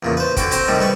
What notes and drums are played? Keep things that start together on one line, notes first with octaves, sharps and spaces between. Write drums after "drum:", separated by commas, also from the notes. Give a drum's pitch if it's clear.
E2 A#2 C#3
B4 C5
D3 F#4 G5, drum: kick G1, hi-hat
C4 C5 A#5 C6, drum: hi-hat
A2 C3 D#3 G3
G3 B4 C#6